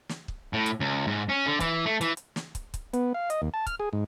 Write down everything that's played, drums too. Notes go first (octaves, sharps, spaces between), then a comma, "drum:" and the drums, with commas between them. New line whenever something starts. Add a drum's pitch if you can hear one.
drum: snare
drum: kick
A2
drum: hi-hat
C#2
G#2
C#4
D3
E3, drum: kick, hi-hat
A3
E3, drum: hi-hat
drum: hi-hat
drum: snare
drum: kick, hi-hat
drum: kick, hi-hat
B3, drum: hi-hat
F5
D#5, drum: hi-hat
D#2
A5
F6, drum: kick, hi-hat
G#4
G#2